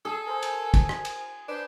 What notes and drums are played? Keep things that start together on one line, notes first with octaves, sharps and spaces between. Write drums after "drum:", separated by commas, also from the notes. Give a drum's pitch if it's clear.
G#4 A4 E6 C7
A#4 C5 G#5
drum: cymbal
drum: kick, cymbal
drum: rim click
drum: cymbal
D4 B4 C5 G6